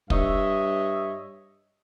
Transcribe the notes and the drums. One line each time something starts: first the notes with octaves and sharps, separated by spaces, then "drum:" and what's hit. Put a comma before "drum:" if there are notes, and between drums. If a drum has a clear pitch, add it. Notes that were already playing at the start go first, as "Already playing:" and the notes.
G2 C#5 D#5 E5, drum: kick